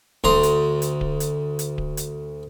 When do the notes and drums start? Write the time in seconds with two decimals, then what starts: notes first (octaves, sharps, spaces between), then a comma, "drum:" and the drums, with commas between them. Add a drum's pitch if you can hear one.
0.24 D2 A#5 C6, drum: kick D1
0.43 drum: hi-hat
0.82 drum: hi-hat
1.01 drum: kick D1
1.20 drum: hi-hat
1.59 drum: hi-hat
1.78 drum: kick D1
1.97 drum: hi-hat